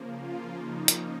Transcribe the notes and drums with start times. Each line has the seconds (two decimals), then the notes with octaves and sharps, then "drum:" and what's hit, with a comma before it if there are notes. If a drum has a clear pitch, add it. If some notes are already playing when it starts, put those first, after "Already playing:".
Already playing: C#3 F3 A#3
0.15 F4
0.59 D#4
0.88 drum: hi-hat